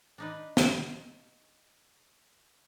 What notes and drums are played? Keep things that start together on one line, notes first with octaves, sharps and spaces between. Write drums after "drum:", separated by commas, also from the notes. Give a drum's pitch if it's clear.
D4 D#4 B4
drum: snare